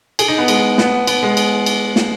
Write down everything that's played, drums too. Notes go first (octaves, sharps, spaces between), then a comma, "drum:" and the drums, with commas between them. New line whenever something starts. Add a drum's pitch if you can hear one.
G#4, drum: cymbal
D#4
B3
G#3, drum: cymbal
B3, drum: snare
B3, drum: cymbal
G#3
drum: cymbal
drum: cymbal
drum: snare